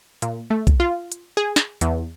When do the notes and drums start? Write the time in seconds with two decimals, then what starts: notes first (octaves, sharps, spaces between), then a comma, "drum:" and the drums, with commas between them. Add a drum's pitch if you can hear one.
0.22 A#2, drum: hi-hat
0.50 A3
0.67 drum: kick B1, hi-hat
0.80 F4
1.12 drum: hi-hat
1.37 G#4
1.56 drum: snare
1.81 E2, drum: hi-hat